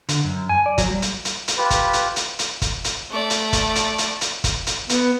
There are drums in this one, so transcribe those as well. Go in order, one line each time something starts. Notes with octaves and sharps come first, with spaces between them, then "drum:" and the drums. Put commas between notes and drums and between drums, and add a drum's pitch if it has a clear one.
D3, drum: hi-hat
F#2
G#5
D5
F#3, drum: kick, hi-hat
G3
drum: hi-hat
drum: hi-hat
drum: hi-hat
F4 G4 B4
drum: kick, hi-hat
drum: hi-hat
drum: hi-hat
drum: hi-hat
drum: kick, hi-hat
drum: hi-hat
A3 D5
drum: hi-hat
drum: kick, hi-hat
drum: hi-hat
drum: hi-hat
drum: hi-hat
drum: kick, hi-hat
drum: hi-hat
B3, drum: hi-hat